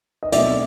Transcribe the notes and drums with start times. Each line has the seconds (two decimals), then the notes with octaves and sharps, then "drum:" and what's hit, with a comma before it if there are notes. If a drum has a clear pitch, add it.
0.23 D#5
0.32 B2 F#3 A3 C4 D5 E5, drum: hi-hat